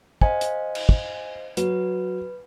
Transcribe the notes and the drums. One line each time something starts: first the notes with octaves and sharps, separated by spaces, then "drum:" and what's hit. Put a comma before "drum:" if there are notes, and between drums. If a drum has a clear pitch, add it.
C5 D#5 F5 G#5, drum: kick
drum: hi-hat
drum: cymbal
drum: kick
F#3 B4, drum: hi-hat